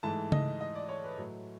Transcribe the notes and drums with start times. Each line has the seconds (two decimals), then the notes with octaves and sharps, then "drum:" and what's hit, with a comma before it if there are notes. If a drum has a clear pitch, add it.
0.03 G#2 E3 A3 A5
0.32 D#5, drum: tom C#3
0.61 D#5
0.75 D5
0.89 C#5
1.04 B4
1.17 A2 F#3 A3